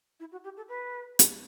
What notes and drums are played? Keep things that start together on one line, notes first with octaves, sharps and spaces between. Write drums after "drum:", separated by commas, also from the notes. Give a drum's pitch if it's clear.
E4
F#4
G4
A4
B4
drum: hi-hat